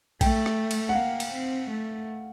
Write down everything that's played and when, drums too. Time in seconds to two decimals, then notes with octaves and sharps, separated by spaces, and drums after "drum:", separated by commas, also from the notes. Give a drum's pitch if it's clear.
0.21 A3 G5, drum: kick A#1, cymbal
0.46 drum: rim click
0.71 drum: cymbal
0.89 F#5
0.95 A#3 F5
1.20 drum: cymbal
1.33 C4
1.70 A3